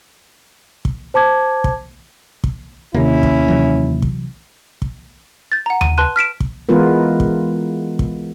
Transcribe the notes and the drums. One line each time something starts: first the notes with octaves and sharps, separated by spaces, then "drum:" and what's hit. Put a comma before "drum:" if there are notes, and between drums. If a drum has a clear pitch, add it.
drum: kick
C5 A5 D6 G#6
drum: kick
drum: kick
D#2 C3 A#3 C#4 E4
drum: kick
C3 E3 F#3
drum: kick
drum: kick
G6 A6
F#5 A#5
D#7, drum: tom D#2
B4 A5 C6 F#6 D#7
F6 B6 D7 E7
drum: kick
E3 G#3 B3 F4 A#4 B4
drum: kick
drum: kick